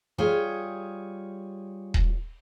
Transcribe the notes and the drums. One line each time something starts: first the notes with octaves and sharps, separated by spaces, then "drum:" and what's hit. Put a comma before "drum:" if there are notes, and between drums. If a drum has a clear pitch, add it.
G3 F4 G#4 C#5
drum: kick D#1